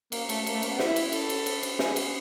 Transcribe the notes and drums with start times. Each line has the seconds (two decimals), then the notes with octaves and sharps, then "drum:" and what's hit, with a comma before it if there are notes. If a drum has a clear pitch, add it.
0.12 A#3, drum: cymbal
0.29 A3, drum: cymbal
0.47 A#3, drum: cymbal
0.55 A3
0.62 A#3, drum: cymbal
0.72 B3
0.79 E4, drum: snare
0.96 drum: cymbal
1.12 A4, drum: cymbal
1.29 drum: cymbal
1.46 drum: cymbal
1.63 drum: cymbal
1.79 G#4, drum: snare
1.96 drum: cymbal